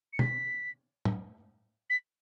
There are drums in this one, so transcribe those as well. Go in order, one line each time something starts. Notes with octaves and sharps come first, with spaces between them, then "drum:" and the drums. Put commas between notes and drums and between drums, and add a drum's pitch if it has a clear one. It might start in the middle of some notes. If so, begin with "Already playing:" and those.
C#7
B6, drum: tom
drum: tom
B6